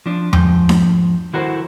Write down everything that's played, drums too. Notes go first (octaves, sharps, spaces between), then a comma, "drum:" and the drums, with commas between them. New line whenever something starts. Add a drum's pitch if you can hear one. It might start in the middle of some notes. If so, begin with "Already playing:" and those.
F3 D4
G#2 F3 G5, drum: tom E2
drum: snare D4
D#3 E4 F#4 A4 A#4 C5